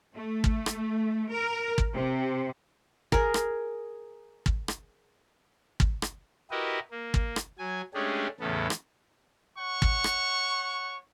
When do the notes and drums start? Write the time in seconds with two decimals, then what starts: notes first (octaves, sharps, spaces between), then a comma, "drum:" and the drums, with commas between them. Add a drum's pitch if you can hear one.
0.15 A3
0.44 drum: kick
0.66 drum: rim click
1.31 A#4
1.78 drum: kick
1.94 C3
3.12 G#4 A#4, drum: kick
3.34 drum: rim click
4.46 drum: kick
4.68 drum: rim click
5.80 drum: kick
6.02 drum: rim click
6.51 E4 F#4 G4 A#4 B4 D#5
6.91 A#3
7.14 drum: kick
7.36 drum: rim click
7.58 F#3 G#5
7.94 G#3 A3 C#4 D4 G4 G#4
8.40 E2 A2 C#3 B3 A4
8.70 drum: rim click
9.58 C#5 F#5 C#6
9.82 drum: kick
10.04 drum: rim click